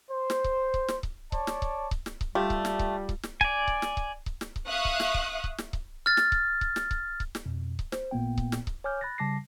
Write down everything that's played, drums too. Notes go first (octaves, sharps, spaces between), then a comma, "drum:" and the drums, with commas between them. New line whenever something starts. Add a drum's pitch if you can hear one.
C5
drum: snare
drum: kick C#1
drum: kick C#1
drum: snare
drum: kick C#1
C#5 D5 A5, drum: kick C#1
drum: snare
drum: kick C#1
drum: kick C#1
drum: snare
drum: kick C#1
G3 A3 F4 G4
drum: kick C#1
drum: snare
drum: kick C#1
drum: kick C#1
drum: snare
D5 G#5, drum: kick C#1
drum: kick C#1
drum: snare
drum: kick C#1
drum: kick C#1
drum: snare
drum: kick C#1
E5 F5 C#6 D#6 F#6
drum: kick C#1
drum: snare
drum: kick C#1
drum: kick C#1
drum: snare
drum: kick C#1
F6 A6
drum: snare
drum: kick C#1
drum: kick C#1
drum: snare
drum: kick C#1
drum: kick C#1
drum: snare
F2 B2
drum: kick C#1
C5, drum: snare
A1 A#2 A#3 B3 G5
drum: kick C#1
drum: snare
drum: kick C#1
C#5 G#5 D6 F6 G6
B5 F#6 A6 A#6
C#3 G3 A5 D6 A#6 C7